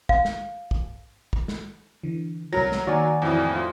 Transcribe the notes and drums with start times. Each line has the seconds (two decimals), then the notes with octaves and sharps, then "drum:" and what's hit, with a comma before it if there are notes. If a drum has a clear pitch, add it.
0.09 F5, drum: kick
0.25 drum: snare
0.71 drum: kick
1.33 drum: kick
1.48 drum: snare
2.03 D3 E3
2.53 C2 F#3 F#4 A#4 A#6
2.72 drum: snare
2.87 D#3 A#3 F#4 D5 G#5
3.22 F2 A2 E3
3.56 F4